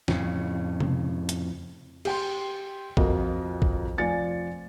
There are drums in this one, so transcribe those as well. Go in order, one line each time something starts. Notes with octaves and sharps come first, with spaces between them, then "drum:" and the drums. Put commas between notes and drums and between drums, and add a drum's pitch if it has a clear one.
F2 A2 C#3, drum: snare
drum: tom C3
drum: hi-hat
G4 G5 C6, drum: cymbal
F2 F3 F#4 A#4 D#5, drum: kick A#1
drum: kick A#1
F1 F3 D5 G#5 A6 C#7